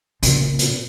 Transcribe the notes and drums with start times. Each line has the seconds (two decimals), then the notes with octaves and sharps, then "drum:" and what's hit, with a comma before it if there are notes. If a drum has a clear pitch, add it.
0.22 A#2 C#3, drum: hi-hat
0.59 drum: hi-hat